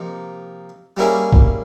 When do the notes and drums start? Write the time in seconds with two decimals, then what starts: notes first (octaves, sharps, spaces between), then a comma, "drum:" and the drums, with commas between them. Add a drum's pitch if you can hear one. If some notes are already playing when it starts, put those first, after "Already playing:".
Already playing: C3 F3 A#3 D#4
0.97 G3 A#3 C#4 E4 G#4
1.32 drum: kick